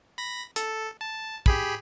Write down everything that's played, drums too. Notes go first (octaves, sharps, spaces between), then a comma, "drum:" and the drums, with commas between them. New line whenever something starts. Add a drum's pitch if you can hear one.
B5 A#6
A4, drum: hi-hat
A5
G4 G#4 B5, drum: kick